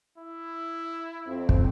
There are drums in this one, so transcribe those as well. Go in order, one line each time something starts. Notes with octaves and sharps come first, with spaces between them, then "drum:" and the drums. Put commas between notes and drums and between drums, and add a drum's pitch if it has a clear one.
E4
F2 C4
drum: kick